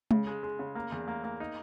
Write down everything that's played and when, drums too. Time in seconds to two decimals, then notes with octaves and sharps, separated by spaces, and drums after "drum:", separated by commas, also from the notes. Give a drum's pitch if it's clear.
0.11 C#3, drum: tom G#3
0.27 G#3
0.43 G#3
0.59 C#3
0.75 A#3
0.92 E2
1.08 A#3
1.24 A#3
1.40 D#4